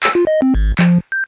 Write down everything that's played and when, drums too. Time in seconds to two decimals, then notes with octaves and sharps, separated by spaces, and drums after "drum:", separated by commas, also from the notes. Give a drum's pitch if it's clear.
0.03 E6, drum: clap
0.15 F4
0.27 D#5
0.42 C4
0.54 G#1
0.79 F3, drum: clap
1.12 G6